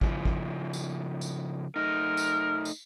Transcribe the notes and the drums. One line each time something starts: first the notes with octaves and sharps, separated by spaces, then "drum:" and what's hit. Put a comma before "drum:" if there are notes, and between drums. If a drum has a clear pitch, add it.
C#3 F3 E4, drum: kick
drum: kick
drum: tambourine
drum: tambourine
A3 D#4 A#4
drum: tambourine
drum: tambourine